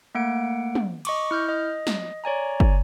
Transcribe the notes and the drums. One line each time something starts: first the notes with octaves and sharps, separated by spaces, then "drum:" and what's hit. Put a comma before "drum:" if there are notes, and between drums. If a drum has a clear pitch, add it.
A3 A#3 F#5 D7
drum: tom
D#5 C#6 D6, drum: cymbal
E4 F6 G6
D#5
drum: snare
C#5 D5 G#5 A#5
drum: kick F#1